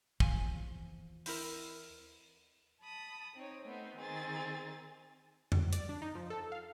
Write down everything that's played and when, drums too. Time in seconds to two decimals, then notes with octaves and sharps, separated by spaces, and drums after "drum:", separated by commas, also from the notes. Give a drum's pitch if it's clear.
0.20 D#2 E3 F3 G#5, drum: kick
1.26 C4 E4 A#4, drum: open hi-hat
2.82 A5 B5 D#6
3.36 C4 D#4 C#5
3.64 A3 B3 C4 D#4
3.98 D#3 C4 G#4 A6
5.52 drum: tom F2
5.73 D5, drum: hi-hat
5.89 D4
6.02 D#4
6.15 F3
6.30 A4
6.52 F5